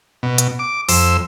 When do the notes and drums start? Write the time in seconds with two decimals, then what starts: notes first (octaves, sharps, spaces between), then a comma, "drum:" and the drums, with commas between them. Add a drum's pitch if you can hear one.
0.23 B2
0.38 drum: hi-hat
0.59 D6
0.89 F2 C5 E6, drum: open hi-hat